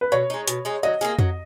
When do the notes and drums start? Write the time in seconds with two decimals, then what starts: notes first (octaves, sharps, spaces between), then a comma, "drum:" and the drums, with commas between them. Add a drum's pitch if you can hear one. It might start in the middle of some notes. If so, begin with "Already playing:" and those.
0.01 B4
0.12 B2 C#5
0.30 G#3 D#4
0.48 B2, drum: hi-hat
0.65 G#3 D#4
0.83 F#3 D#5
1.01 A#3 F4 G#4
1.19 F#3, drum: tom F2